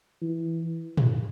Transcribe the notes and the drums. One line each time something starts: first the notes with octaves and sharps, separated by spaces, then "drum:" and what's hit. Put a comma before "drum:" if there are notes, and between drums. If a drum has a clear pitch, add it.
E3
drum: tom